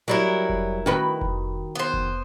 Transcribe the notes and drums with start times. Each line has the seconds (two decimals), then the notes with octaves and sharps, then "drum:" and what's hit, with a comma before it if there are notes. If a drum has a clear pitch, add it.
0.08 F#3 G3 E4 A#4
0.49 drum: kick F1
0.86 D#3 F#4 B4, drum: tom C#4
1.21 drum: kick F1
1.75 B3 C5
1.93 drum: kick F1